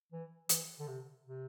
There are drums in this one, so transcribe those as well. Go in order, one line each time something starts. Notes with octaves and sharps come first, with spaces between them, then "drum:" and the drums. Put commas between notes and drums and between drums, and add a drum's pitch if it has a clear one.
E3
E3, drum: hi-hat
D3
C3
C3